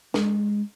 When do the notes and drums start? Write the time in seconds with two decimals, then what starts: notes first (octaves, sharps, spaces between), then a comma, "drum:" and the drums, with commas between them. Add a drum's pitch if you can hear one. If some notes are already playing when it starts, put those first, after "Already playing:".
0.14 G#3, drum: snare